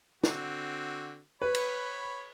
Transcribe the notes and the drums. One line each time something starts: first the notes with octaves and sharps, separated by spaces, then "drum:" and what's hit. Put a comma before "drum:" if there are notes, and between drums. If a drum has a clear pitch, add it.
D3 C4 F#4, drum: snare
B4 C#5 B5
drum: cymbal